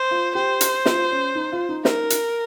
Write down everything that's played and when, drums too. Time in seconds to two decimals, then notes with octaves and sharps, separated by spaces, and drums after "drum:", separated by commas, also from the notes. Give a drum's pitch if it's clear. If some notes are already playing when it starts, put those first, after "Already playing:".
Already playing: C5
0.11 F4
0.35 G4 C5
0.61 drum: hi-hat
0.86 F4, drum: snare
1.11 C#4
1.35 D#4
1.52 F4
1.69 D#4
1.85 A#4, drum: snare
2.10 drum: hi-hat